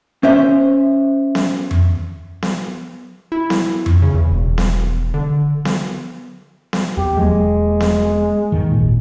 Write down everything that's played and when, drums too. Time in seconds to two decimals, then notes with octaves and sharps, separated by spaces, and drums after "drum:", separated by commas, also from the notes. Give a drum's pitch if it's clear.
0.23 C#4 C5 E5
1.35 drum: snare B3
1.71 drum: tom F2
2.42 drum: snare B3
3.32 E4
3.50 drum: snare B3
3.86 drum: tom F2
4.02 C#3
4.14 E2
4.31 E1
4.58 drum: snare B3
5.14 D3
5.65 drum: snare B3
6.73 drum: snare B3
6.97 D#2 G4
7.17 E1 F#3 G#3 A#3
7.80 drum: snare B3
8.52 D#2 G#2 D#3
8.71 G#1 A#2